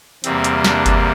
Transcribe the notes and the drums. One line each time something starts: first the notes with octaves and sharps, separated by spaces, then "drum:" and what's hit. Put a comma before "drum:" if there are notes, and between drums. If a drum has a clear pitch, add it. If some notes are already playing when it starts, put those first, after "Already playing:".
E2 C3 G3 A#3 C4, drum: hi-hat
drum: hi-hat
D4, drum: snare
drum: kick G1, hi-hat